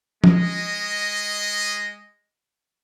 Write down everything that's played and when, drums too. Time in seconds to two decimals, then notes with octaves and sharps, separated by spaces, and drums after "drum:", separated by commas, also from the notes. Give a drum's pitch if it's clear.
0.24 G#3 D#5, drum: tom F3